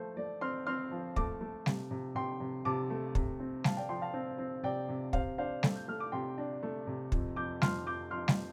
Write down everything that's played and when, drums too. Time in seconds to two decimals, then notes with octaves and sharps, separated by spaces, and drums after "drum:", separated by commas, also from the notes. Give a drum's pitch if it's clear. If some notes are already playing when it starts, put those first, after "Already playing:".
Already playing: F3 A3 C5
0.17 A3 A4 D5
0.41 C4 C6 F6
0.67 C4 C6 F6
0.91 F3
1.16 A3 A5 D6, drum: kick
1.41 A3
1.66 C3, drum: snare G3
1.91 C3
2.15 C3 G5 C6
2.40 C3
2.65 C3 A5 D6
2.90 A3
3.15 C3, drum: kick
3.40 C4
3.64 C3 F5 A5, drum: snare G3
3.77 D5 G5
3.89 F3 G5 C6
4.02 F5 A5
4.14 C4
4.38 C4
4.63 C3 D5 G5
4.89 C3
5.13 C3 C5 F5, drum: kick
5.38 D4 C5 F5
5.63 A3 A4 D5, drum: snare G3
5.76 G6
5.88 A3 F6
6.00 D6
6.12 C3 G5 C6
6.38 D4
6.63 A3
6.87 C3
7.12 F2, drum: kick
7.36 F2 D6 G6
7.62 F2 C6 F6, drum: snare G3
7.86 F2 D6 G6
8.11 F2 C6 F6
8.28 drum: snare G3